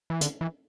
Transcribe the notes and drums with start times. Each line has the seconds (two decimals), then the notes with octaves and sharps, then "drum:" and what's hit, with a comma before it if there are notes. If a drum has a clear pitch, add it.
0.10 E3
0.21 D3, drum: hi-hat
0.41 E3